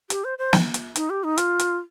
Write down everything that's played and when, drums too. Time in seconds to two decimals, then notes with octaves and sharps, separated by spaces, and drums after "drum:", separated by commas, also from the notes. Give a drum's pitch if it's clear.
0.10 G4, drum: hi-hat
0.24 C5
0.38 C5
0.53 drum: snare
0.74 drum: hi-hat
0.96 D#4, drum: hi-hat
1.10 G4
1.24 D#4
1.38 F4, drum: hi-hat
1.59 drum: hi-hat